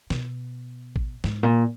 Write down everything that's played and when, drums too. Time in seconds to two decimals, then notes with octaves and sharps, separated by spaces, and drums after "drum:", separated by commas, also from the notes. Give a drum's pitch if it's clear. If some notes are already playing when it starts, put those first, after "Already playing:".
0.10 B2, drum: snare
0.96 drum: kick A1
1.24 G#2, drum: snare
1.43 A#2